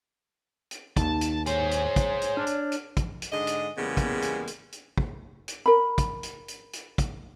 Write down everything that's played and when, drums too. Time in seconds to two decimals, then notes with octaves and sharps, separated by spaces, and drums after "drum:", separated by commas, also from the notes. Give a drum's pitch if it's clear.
0.71 drum: hi-hat
0.97 D#2 D#4 A5, drum: kick, hi-hat
1.21 drum: hi-hat
1.46 G#4 C5 C#5 G#5, drum: hi-hat
1.71 drum: hi-hat
1.96 drum: kick, hi-hat
2.21 drum: hi-hat
2.37 D4 F6
2.47 drum: hi-hat
2.72 drum: hi-hat
2.97 drum: kick, hi-hat
3.22 drum: hi-hat
3.32 G#2 D3 G#3 D#5
3.47 drum: hi-hat
3.78 E2 C#3 G3 G#3 A#3 B3
3.97 drum: kick, hi-hat
4.22 drum: hi-hat
4.47 drum: hi-hat
4.72 drum: hi-hat
4.98 drum: kick
5.48 drum: hi-hat
5.66 A#4 B5
5.98 drum: kick, hi-hat
6.23 drum: hi-hat
6.48 drum: hi-hat
6.73 drum: hi-hat
6.98 drum: kick, hi-hat